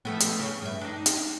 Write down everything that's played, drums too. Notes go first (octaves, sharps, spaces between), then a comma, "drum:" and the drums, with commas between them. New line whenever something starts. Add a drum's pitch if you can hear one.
F3 A3 B3
drum: hi-hat
C#3
G2 E5
D4 D#4
drum: hi-hat